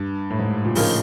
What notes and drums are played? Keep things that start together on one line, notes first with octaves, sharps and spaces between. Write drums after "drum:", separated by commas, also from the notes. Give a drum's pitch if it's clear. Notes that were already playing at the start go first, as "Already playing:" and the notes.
Already playing: G2
A2
G#2
A#2
A2 C#3 F3 A#3 D#4, drum: open hi-hat